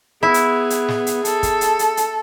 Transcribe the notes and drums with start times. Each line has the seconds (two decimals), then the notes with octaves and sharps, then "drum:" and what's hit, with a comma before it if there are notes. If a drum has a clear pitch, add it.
0.23 B3 E4 G#4
0.34 drum: hi-hat
0.70 drum: hi-hat
0.88 drum: snare
1.07 drum: hi-hat
1.25 A4, drum: hi-hat
1.43 drum: kick, hi-hat
1.61 drum: hi-hat
1.79 drum: hi-hat
1.97 drum: hi-hat